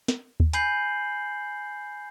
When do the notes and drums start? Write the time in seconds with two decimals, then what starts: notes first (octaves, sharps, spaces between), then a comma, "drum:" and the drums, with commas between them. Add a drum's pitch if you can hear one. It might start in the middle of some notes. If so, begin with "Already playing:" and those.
0.08 drum: snare
0.40 drum: kick D#2
0.53 G#5 B5 G6 C7 F#7, drum: hi-hat